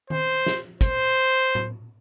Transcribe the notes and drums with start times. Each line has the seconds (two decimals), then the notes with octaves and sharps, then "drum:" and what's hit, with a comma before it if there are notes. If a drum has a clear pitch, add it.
0.10 C5, drum: tom D#3
0.46 drum: snare
0.81 C5, drum: kick, hi-hat
1.55 drum: tom A2